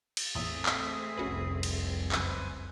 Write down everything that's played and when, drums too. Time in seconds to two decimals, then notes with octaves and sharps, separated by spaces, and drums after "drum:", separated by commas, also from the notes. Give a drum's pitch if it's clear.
0.17 drum: cymbal
0.35 A1 E2 A#2 A3 C4 G#4 E5 D#6
0.66 drum: clap
1.17 F1 C2 C#4 F#4 B4
1.63 drum: cymbal
2.12 F#2 A2 C#3 B4 C5 G#5, drum: clap